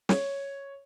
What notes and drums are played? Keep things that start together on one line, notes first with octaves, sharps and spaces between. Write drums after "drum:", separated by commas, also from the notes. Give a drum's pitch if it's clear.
C#5, drum: snare